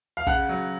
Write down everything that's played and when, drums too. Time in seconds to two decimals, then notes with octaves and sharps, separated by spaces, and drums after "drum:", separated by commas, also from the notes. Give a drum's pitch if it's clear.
0.17 F5
0.26 C#3 F#5, drum: kick, hi-hat
0.49 F#3